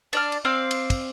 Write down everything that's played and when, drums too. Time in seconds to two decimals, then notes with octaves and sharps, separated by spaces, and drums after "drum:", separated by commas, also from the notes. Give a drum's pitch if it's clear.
0.13 D4 D5 F6, drum: cymbal
0.32 drum: cymbal
0.45 C4 D5 F5
0.71 drum: cymbal
0.90 drum: kick, cymbal